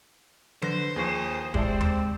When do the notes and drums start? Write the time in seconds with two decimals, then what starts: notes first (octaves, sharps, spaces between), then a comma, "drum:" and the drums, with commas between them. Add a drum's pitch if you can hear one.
0.62 D3 B4 C5 A#6, drum: tom F3
0.96 D#2 F3 G#4 C#6
1.54 G#3 E4 G4 D5 A5, drum: kick
1.66 C4
1.81 drum: tom D#2